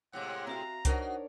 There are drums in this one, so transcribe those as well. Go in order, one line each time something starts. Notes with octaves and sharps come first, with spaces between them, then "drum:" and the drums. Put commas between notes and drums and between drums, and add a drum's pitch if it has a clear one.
A2 C3 G#3 C#5 F5 F#5 D6
C4 F#4 E5 F5 A#5
D4 D#4 F#4 A#4 C5 C#5 D#5 F#5, drum: kick C2, hi-hat